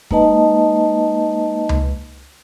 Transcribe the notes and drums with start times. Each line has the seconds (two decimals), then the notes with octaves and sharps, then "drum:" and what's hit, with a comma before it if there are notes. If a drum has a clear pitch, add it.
0.11 G#3 A#3 D#4 B4 D#5 A5, drum: kick
1.69 drum: tom C#2